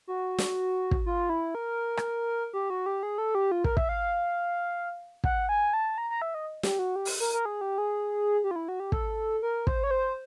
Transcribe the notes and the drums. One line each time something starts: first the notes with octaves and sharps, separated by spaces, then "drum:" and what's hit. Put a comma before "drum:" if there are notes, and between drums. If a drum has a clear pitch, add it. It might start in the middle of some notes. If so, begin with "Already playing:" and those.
F#4
drum: snare
drum: kick
F4
E4
A#4
drum: rim click
G4
F#4
G4
G#4
A4
G4
F4
A#4, drum: kick
E5, drum: kick
F5
F#5, drum: kick
G#5
A5
A#5
A#5
E5
D#5
G4, drum: snare
F#4
G4
drum: open hi-hat
A#4
A#4
G#4
G4
G#4
G4
F4
E4
F#4
G4
A4, drum: kick
A#4
C5, drum: kick
C#5
C5